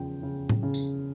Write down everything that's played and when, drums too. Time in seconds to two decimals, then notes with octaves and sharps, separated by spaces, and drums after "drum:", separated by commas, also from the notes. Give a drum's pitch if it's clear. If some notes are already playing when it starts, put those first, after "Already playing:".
Already playing: E2 C#3 F3 G5
0.23 C#3
0.49 drum: tom A2
0.63 C#3
0.74 drum: tambourine